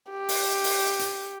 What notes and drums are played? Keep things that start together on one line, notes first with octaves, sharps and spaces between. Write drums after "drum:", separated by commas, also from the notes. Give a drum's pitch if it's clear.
G4
drum: open hi-hat
drum: open hi-hat
drum: hi-hat